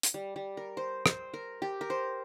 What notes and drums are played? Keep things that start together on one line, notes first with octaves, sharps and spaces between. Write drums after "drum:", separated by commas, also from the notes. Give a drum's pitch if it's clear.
drum: hi-hat
G3
G3
A#4
C5
C5, drum: rim click
A#4
G4
A#4
C5